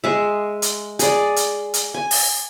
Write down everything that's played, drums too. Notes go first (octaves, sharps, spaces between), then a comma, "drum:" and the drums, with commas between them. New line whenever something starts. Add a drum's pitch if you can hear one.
G#3 E5
drum: hi-hat
G#4 D5, drum: hi-hat
drum: hi-hat
drum: hi-hat
G#5
drum: open hi-hat